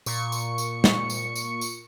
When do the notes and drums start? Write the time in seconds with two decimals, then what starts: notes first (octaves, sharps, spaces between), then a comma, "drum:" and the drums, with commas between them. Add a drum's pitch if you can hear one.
0.06 A#2 C#6 C#7, drum: tambourine
0.32 drum: tambourine
0.58 drum: tambourine
0.84 drum: snare
1.10 drum: tambourine
1.36 drum: tambourine
1.61 drum: tambourine